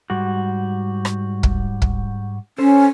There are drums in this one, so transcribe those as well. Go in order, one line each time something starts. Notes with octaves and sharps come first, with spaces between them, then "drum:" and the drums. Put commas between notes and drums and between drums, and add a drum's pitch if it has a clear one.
G#2 G3 F#4
drum: rim click
drum: kick
drum: kick
C#4 A4 C5